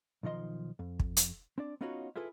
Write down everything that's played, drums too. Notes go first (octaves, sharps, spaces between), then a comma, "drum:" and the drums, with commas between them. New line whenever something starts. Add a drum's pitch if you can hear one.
B1 D#3 F3 D#5 C6
F2
drum: kick
drum: hi-hat
C4 D4 D5
B3 C#4 D#4 F4 F#4 C#5
E4 F4 G#4 A4 B4